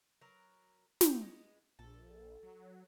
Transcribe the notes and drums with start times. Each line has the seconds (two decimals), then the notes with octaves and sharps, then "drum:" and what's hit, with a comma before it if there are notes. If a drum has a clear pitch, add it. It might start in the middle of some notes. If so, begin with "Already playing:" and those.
0.21 F#3 A#4 B4
1.01 C4 G4, drum: snare
1.22 G#3 B3
1.79 A#1 A4
2.43 F#3